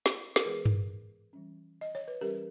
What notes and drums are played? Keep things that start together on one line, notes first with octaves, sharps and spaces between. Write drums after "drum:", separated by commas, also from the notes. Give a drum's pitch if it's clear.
drum: snare
A#4, drum: snare
E3 G#3 B3 G#4 B4
drum: tom G2
E3 G3 C#4
D#5
C#5
B4
E3 G3 C#4 G4 A#4